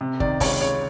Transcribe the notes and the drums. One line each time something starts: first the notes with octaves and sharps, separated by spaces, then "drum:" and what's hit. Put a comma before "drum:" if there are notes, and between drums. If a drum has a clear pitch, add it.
C3
D#3 D5, drum: kick
C#2 C#5, drum: kick, open hi-hat
C#2 C#5